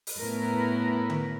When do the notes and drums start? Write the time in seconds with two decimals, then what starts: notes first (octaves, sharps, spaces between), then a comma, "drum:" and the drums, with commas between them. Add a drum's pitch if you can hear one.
0.07 drum: open hi-hat
0.18 A2 B3 E4 A#4 B4
1.10 drum: tom D3